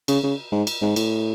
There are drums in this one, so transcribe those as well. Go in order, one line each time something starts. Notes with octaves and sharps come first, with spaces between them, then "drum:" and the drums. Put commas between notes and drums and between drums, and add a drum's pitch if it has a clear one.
C#3, drum: cymbal
C#3
G#2
drum: cymbal
G#2
A2, drum: cymbal